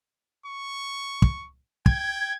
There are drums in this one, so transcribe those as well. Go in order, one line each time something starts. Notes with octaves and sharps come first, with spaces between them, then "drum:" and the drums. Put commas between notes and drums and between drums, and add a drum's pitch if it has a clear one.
C#6
drum: kick
G5 G#6, drum: kick